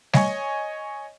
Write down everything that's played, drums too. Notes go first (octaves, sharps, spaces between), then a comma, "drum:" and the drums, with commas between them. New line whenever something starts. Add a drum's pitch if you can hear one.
C#5 D#5 G#5 C#6, drum: snare G3